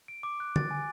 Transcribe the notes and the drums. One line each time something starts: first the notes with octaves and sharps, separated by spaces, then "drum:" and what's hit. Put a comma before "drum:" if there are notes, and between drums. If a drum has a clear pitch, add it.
D7
D6
F#6
A6, drum: tom D3
G#5